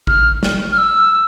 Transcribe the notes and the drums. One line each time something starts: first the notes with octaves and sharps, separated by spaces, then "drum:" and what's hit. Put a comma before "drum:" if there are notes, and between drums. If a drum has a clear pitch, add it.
F6, drum: kick A1
drum: snare
F6
E6